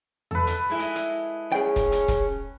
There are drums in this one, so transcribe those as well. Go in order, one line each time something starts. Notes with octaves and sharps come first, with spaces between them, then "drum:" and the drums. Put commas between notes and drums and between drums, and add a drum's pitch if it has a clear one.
A4 B4, drum: tom E2
drum: hi-hat
G#3 E4
drum: hi-hat
drum: hi-hat
C#4 G#4 G5
drum: kick, hi-hat
drum: hi-hat
drum: kick, hi-hat